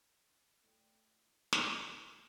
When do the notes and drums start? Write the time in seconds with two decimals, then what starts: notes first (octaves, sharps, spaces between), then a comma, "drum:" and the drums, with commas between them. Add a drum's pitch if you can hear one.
0.64 A3 E4 A4 D5 G5
1.53 C4 G4 C5 G5, drum: snare